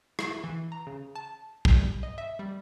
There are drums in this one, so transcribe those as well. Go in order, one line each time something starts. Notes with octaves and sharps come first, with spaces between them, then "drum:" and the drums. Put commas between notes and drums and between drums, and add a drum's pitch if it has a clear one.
E4, drum: rim click
E3
A#5
C#3
A5
G3, drum: kick
D#5
E5
G3